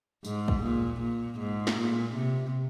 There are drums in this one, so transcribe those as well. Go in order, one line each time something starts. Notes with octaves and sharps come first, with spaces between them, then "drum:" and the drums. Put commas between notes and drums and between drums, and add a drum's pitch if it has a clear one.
G#2, drum: tambourine
drum: kick
A#2
A#2
G#2
drum: snare
A#2
C3